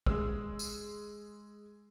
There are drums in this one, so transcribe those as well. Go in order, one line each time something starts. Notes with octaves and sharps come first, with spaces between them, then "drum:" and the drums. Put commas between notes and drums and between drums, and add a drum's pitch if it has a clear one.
G#3 E6, drum: kick
drum: tambourine